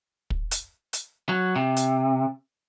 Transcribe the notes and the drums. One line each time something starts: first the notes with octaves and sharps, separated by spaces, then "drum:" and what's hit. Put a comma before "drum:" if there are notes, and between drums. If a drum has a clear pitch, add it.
drum: kick
drum: hi-hat
drum: hi-hat
F#3
C3
drum: hi-hat